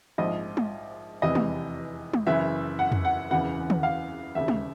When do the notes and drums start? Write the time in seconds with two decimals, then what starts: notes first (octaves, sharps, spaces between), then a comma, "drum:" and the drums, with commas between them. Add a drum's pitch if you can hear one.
0.18 A#1 G#2 F3 D#5
0.57 drum: tom
1.22 F1 E2 C3 E3 D#5
1.35 drum: tom
2.14 drum: tom
2.27 F#1 F#2 C#3 E3 E5
2.79 F#5
2.92 drum: tom
3.05 F#5
3.31 E1 E2 C#3 E3 F#5
3.70 drum: tom
3.83 F5
4.35 E1 D#2 C#3 E5
4.48 drum: tom